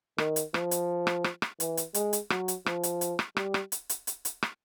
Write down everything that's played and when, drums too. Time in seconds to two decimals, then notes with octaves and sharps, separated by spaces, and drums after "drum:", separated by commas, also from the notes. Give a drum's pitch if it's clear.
0.18 D#3, drum: rim click
0.36 drum: hi-hat
0.54 F3, drum: rim click
0.71 drum: hi-hat
1.07 drum: rim click
1.24 drum: rim click
1.42 drum: rim click
1.60 E3, drum: hi-hat
1.77 drum: hi-hat
1.94 G#3, drum: hi-hat
2.13 drum: hi-hat
2.30 F#3, drum: rim click
2.48 drum: hi-hat
2.66 F3, drum: rim click
2.83 drum: hi-hat
3.01 drum: hi-hat
3.19 drum: rim click
3.37 G3, drum: rim click
3.54 drum: rim click
3.72 drum: hi-hat
3.89 drum: hi-hat
4.07 drum: hi-hat
4.25 drum: hi-hat
4.43 drum: rim click